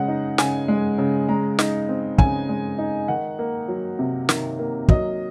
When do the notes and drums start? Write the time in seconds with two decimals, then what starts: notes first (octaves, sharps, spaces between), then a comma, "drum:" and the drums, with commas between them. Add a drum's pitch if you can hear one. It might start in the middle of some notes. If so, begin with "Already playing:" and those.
Already playing: C#3 G#3 F#5
0.08 D#4
0.38 C#3 G#5, drum: snare
0.68 G#3
0.98 C#3
1.29 G#3 A#5
1.59 D#4, drum: snare
1.89 C4
2.18 C#3 G#5, drum: kick
2.49 G#3
2.78 D#4
3.08 D#3 F#5
3.39 A#3
3.68 F#3
3.99 C3
4.29 D#3, drum: snare
4.59 A#3
4.88 F#3 D#5, drum: kick